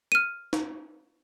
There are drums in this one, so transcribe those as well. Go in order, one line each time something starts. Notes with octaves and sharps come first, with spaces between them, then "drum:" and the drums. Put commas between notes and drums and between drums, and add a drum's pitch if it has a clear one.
F6 D#7
drum: snare